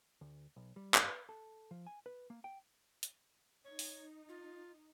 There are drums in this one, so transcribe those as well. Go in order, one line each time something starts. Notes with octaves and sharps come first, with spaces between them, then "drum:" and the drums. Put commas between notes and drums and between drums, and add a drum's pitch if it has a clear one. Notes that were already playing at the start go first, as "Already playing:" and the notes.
D2
B1
G3
G2, drum: clap
B4
A4
F3
G#5
B4
A#3
G5
drum: hi-hat
D#4 C#5
drum: open hi-hat
F4